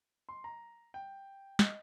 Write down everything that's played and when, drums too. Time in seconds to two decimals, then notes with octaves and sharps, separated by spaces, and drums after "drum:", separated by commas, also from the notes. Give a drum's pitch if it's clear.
0.29 C6
0.44 A#5
0.94 G5
1.59 D#5, drum: snare